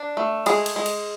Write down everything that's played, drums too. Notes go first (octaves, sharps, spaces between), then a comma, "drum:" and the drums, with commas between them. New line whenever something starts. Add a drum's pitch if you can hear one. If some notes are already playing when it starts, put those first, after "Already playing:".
Already playing: D4
A3
G#3 G#4, drum: cymbal
drum: cymbal
G#3
drum: cymbal